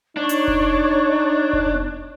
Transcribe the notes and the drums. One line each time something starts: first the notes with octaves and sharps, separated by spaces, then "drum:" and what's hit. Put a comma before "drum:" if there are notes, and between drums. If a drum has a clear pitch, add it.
D4 D#4 C#5 C#6
drum: hi-hat
drum: kick F1
drum: kick F1
drum: tom B3